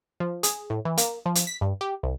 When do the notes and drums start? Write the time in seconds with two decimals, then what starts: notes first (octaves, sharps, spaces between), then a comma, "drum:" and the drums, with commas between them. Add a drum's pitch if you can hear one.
0.20 F3
0.43 G#4, drum: hi-hat
0.70 A2
0.85 E3
0.97 A#3, drum: hi-hat
1.26 F3
1.35 drum: hi-hat
1.47 B6
1.61 G2
1.81 G4
2.03 C2